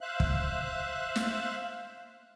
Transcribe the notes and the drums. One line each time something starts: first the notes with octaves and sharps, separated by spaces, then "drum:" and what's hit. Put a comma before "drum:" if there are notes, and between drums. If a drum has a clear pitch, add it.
C5 E5 F5 F#6
drum: kick
drum: snare